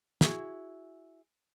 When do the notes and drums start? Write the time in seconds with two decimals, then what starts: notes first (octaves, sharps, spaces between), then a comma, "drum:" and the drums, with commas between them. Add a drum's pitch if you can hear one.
0.21 E4 F#4 G#4, drum: snare